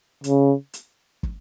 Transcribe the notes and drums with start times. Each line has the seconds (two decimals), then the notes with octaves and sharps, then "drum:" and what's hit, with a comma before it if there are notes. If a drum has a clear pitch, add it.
0.24 C#3, drum: hi-hat
0.74 drum: hi-hat
1.23 drum: kick